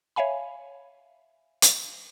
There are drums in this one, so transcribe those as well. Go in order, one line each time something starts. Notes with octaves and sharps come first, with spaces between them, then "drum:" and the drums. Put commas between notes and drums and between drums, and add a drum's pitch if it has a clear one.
C#5 E5 F5 G#5 B5
drum: hi-hat